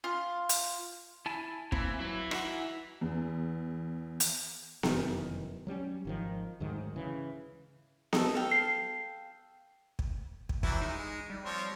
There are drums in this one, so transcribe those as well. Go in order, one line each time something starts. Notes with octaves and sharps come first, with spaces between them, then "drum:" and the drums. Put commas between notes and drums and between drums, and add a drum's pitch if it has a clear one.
F4
drum: hi-hat
E4 G#5 A5
E3 A#3 C4 E4, drum: kick
F#3 E4 B4
D#4 F#4 F#5, drum: rim click
E2
drum: hi-hat
F1 F#2 D#3 E3, drum: snare B3
F#3 G3 C4 C#4
G#1 D#3 F3
D2 G#2 D#3 F#3
C#3 E3
A4 D#5, drum: snare B3
A4 F5 G5
C7
drum: kick
drum: kick
E3 F#3 G3 E4, drum: kick
G#3 D#4
G3
F3 C4 C#5